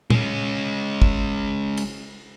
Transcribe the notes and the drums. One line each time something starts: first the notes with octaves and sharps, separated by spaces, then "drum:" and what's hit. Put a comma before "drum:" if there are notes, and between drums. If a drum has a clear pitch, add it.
G#3 C#4, drum: tom A#2
drum: kick
drum: cymbal